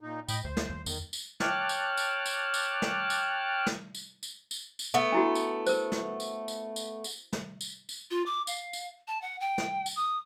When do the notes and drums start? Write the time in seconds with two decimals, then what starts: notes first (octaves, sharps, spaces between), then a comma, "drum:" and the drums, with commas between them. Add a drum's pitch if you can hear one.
0.01 A#2 D#4
0.28 A2 D#5 G5 B5, drum: tambourine
0.44 D2 C5
0.57 drum: snare
0.70 D#2
0.86 E2 D#3, drum: tambourine
1.13 drum: tambourine
1.40 C#5 G5 A5 D6 F6 F#6, drum: snare
1.69 drum: tambourine
1.97 drum: tambourine
2.26 drum: tambourine
2.54 drum: tambourine
2.82 drum: snare
3.10 drum: tambourine
3.66 drum: snare
3.95 drum: tambourine
4.23 drum: tambourine
4.51 drum: tambourine
4.79 drum: tambourine
4.94 A3 B3
5.12 D4 E4 F#4
5.35 drum: tambourine
5.66 A#4 C5, drum: tambourine
5.92 drum: snare
6.20 drum: tambourine
6.48 drum: tambourine
6.76 drum: tambourine
7.04 drum: tambourine
7.32 drum: snare
7.61 drum: tambourine
7.89 drum: tambourine
8.11 F4
8.26 D6
8.47 F5, drum: tambourine
8.73 drum: tambourine
9.08 A5
9.22 F#5
9.40 G5
9.58 drum: snare
9.86 drum: tambourine
9.96 D#6